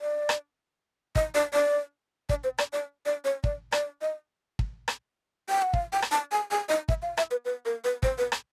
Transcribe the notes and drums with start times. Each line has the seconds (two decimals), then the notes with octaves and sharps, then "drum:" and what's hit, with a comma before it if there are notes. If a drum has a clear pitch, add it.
0.01 D5
0.29 drum: rim click
1.15 D#5, drum: kick
1.35 D5
1.54 D5
2.29 D5, drum: kick
2.44 C5
2.58 D5, drum: rim click
2.73 D5
3.06 D5
3.25 C#5
3.44 D5, drum: kick
3.72 D5, drum: rim click
4.02 D#5
4.59 drum: kick
4.88 drum: rim click
5.49 G5
5.62 F#5
5.74 F5, drum: kick
5.93 G5
6.02 drum: rim click
6.11 A5
6.32 G#5
6.51 G#5
6.69 D#5
6.89 E5, drum: kick
7.02 F5
7.17 E5, drum: rim click
7.31 B4
7.45 B4
7.65 A#4
7.84 B4
8.03 C5, drum: kick
8.18 B4
8.32 drum: rim click